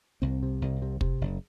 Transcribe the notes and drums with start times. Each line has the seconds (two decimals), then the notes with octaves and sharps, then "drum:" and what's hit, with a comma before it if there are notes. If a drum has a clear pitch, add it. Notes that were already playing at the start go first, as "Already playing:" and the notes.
0.22 C2 C4
0.43 C3
0.62 C2
0.82 C3
1.01 C3, drum: kick
1.21 F#1